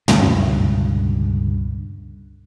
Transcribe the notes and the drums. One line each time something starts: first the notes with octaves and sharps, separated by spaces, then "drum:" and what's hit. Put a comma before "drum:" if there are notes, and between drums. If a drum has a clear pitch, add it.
C#2 G2 B2 D3, drum: tom